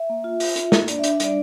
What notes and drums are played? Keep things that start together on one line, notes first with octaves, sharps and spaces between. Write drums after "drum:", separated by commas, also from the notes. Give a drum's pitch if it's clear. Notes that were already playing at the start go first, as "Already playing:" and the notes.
Already playing: E5
A#3
F4
F4, drum: open hi-hat
F4, drum: hi-hat
A#3, drum: snare
D4 D5, drum: hi-hat
E5
D4, drum: hi-hat
E5
G3 D5, drum: hi-hat